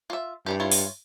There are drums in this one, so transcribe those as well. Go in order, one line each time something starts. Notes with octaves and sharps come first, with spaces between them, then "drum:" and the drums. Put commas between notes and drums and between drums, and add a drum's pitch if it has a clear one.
F4 E5
G2 E3 G3 G4
E4 F4 C#5
drum: open hi-hat